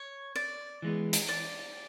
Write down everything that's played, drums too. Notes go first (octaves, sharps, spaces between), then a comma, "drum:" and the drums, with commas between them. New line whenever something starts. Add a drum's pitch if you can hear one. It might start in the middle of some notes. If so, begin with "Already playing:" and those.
Already playing: C#5
D5
E3 G#3 B3
drum: hi-hat
D5